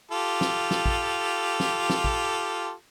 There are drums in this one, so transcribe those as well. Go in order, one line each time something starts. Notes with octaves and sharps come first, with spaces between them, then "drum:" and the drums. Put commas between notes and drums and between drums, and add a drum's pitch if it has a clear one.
F4 G4 A4
drum: snare
drum: snare
drum: kick
drum: snare
drum: snare
drum: kick